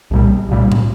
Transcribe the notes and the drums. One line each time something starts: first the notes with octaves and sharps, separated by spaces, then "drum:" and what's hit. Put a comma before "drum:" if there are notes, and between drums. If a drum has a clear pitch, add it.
C2 A#2 G3
C2 A#2 G3
drum: tom A2